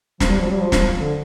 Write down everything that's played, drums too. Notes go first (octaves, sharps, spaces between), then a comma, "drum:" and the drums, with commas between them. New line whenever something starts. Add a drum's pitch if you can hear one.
F3, drum: snare
G3
F3
G3
F3
drum: snare
D3